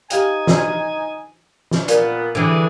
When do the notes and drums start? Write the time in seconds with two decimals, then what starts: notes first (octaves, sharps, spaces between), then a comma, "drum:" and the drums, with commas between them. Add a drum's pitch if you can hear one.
0.10 D#4 G4 F5 G5 G#5, drum: hi-hat
0.47 drum: snare
1.71 drum: snare
1.88 A#2 B3 A#4 D5, drum: hi-hat
2.35 D3 E3 G3 G#4